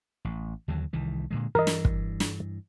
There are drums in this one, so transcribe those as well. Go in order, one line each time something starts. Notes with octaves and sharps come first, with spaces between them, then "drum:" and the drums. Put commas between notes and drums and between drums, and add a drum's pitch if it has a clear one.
A1
D#2 D3 F#3
C2 D#3 E3
A#2 D3 G#3
G2 E3 A#4 D#5
drum: snare
drum: kick
drum: snare